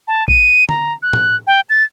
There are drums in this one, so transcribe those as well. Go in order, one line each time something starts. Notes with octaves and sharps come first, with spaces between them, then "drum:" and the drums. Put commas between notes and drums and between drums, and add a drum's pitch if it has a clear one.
A5
D#7, drum: kick A#1
A#5, drum: tom
F#6
drum: tom
G5
A6